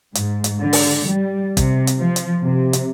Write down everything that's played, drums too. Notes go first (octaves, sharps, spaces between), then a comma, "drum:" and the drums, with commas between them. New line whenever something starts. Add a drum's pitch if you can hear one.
G#2, drum: hi-hat
drum: hi-hat
D3
drum: open hi-hat
G3
C3, drum: kick, hi-hat
drum: hi-hat
F3
drum: hi-hat
C3
drum: hi-hat